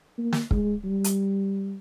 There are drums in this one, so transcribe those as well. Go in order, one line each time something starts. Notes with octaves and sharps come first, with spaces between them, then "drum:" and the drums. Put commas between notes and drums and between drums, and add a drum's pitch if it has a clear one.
A#3
drum: snare
G#3, drum: kick
G3
drum: hi-hat